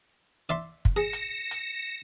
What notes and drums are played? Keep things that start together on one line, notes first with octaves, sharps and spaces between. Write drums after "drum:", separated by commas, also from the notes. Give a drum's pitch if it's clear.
D5 E5 C6
drum: kick
G#4 A#6 C#7 E7
drum: hi-hat
drum: hi-hat